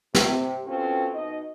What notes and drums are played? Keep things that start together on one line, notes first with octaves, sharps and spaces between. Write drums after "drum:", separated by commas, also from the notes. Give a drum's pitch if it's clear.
C3, drum: snare
B2 C4 C#4 F4 A4
B2 D#4 D#5